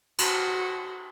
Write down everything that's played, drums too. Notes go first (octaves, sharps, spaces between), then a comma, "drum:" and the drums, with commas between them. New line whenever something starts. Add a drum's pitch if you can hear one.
F#4, drum: cymbal